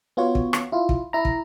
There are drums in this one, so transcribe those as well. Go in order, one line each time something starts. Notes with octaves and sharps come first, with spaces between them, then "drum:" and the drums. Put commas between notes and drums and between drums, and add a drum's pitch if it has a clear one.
B3 F4 F#4 C#5
drum: kick
drum: rim click
E4 F4
drum: kick
E4 A#5
drum: kick